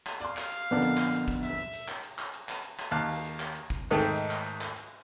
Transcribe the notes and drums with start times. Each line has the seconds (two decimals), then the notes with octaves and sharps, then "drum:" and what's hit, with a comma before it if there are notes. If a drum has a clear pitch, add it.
0.06 drum: clap
0.20 D5 F5 C6, drum: hi-hat
0.37 drum: clap
0.52 drum: hi-hat
0.71 F2 A#2 D3 B3 D5 A5
0.82 drum: hi-hat
0.97 drum: clap
1.13 drum: hi-hat
1.28 drum: kick, hi-hat
1.43 E5, drum: hi-hat
1.58 drum: hi-hat
1.73 drum: hi-hat
1.88 drum: clap
2.04 drum: hi-hat
2.19 drum: clap
2.34 drum: hi-hat
2.49 drum: clap
2.64 drum: hi-hat
2.79 drum: clap
2.91 D#2 F5 A5 F#6
3.10 drum: open hi-hat
3.25 drum: hi-hat
3.40 drum: clap
3.55 drum: hi-hat
3.70 drum: kick
3.91 G#2 D#3 A3 D#4 G5 A5
4.01 drum: hi-hat
4.16 drum: hi-hat
4.31 drum: clap
4.46 drum: hi-hat
4.61 drum: clap
4.76 drum: hi-hat